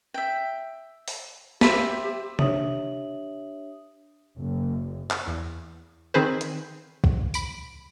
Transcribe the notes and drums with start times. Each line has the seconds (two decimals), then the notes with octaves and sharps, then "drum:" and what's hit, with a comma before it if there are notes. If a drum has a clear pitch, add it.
0.14 E5 G5
1.08 drum: open hi-hat
1.61 G4 C5 E5 B5, drum: snare
2.39 D4 G4 C#5 E5 D#6 F#7, drum: tom C3
4.36 F#1
5.11 drum: clap
5.27 E2
6.14 D#3 C4 G#4 B4 C5
6.41 drum: hi-hat
7.04 drum: kick
7.34 B5 D7, drum: tambourine